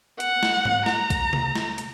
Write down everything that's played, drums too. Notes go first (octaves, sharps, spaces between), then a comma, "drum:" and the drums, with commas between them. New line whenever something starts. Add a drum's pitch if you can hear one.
F#5, drum: hi-hat
drum: snare
drum: tom G#2
A#5, drum: snare
drum: kick, hi-hat
drum: tom C3
drum: snare
drum: hi-hat